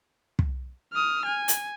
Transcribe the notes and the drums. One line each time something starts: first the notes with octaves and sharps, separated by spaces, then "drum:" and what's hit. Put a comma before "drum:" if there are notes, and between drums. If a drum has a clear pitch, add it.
drum: kick
D#6 F6
G#5
drum: hi-hat